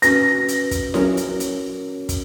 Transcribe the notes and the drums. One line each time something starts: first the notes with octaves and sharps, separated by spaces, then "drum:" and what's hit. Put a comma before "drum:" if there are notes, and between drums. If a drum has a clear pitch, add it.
C#4 F#4 B4 A#6, drum: hi-hat
drum: hi-hat
drum: kick, hi-hat
F#3 C#4 F#4 A#4 C#5, drum: snare E4
drum: hi-hat
drum: hi-hat
drum: kick, hi-hat